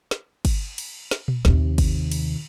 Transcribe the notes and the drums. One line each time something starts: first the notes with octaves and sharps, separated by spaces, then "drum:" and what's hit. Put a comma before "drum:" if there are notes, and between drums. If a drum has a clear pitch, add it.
drum: snare
drum: kick G1, cymbal
drum: cymbal
drum: snare
drum: tom A#2
D#2 C3, drum: snare
drum: kick G1, cymbal
drum: cymbal